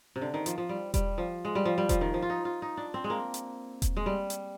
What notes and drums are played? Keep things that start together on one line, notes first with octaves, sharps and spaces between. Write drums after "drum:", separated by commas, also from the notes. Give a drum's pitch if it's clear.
C3
D3
D#3
F3, drum: hi-hat
F3
G3
G3, drum: kick E1, hi-hat
F3
G#3
G3
F3
G3
F3, drum: kick E1, hi-hat
D#3
F3
F4
D#4
F4
D#4
D4
C4
G#3
A#3
drum: hi-hat
drum: kick E1, hi-hat
G#3
G3
drum: hi-hat